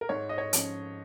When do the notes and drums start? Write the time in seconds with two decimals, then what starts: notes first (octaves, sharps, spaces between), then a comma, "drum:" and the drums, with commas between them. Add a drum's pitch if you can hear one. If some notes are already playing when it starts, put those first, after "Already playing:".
0.01 A#4
0.09 G#2 C#5
0.29 D#5
0.38 C#5
0.53 F3 C#4, drum: hi-hat